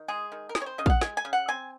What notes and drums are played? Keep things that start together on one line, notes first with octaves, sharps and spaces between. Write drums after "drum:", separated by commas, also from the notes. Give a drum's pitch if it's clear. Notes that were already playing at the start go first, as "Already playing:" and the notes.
Already playing: D#3
G#3 G#4
D#3
A#4
C4 G#4, drum: snare
C#5
C5
C#3 D#5
F5, drum: kick
F#5
G#3 G#5, drum: snare
G#5
C#3
F#5
C4 G#5